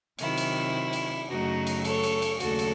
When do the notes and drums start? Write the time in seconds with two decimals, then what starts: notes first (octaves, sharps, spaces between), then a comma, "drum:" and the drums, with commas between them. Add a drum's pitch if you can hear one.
0.19 C3 D#3 F#3 E4, drum: cymbal
0.38 drum: cymbal
0.93 drum: cymbal
1.29 F#2 C#3 F#3 A3 D#4 F#4
1.67 drum: cymbal
1.85 A4 C#5, drum: cymbal
2.04 drum: cymbal
2.22 drum: cymbal
2.40 D#2 C#3 F#3 A3 F#4 A4, drum: cymbal
2.59 drum: cymbal